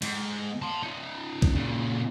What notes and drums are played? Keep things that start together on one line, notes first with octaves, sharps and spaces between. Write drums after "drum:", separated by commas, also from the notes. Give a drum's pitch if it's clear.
G#2, drum: cymbal
A5 C6
C#4 D#4
drum: kick
A#2 C#3